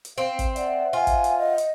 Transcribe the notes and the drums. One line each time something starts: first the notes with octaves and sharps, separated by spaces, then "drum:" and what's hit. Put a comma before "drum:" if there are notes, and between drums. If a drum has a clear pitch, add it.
drum: hi-hat
C4 F5
drum: kick, hi-hat
C5 D5 E5 F#5, drum: hi-hat
F4 G#5
drum: kick, hi-hat
drum: hi-hat
D#5
drum: hi-hat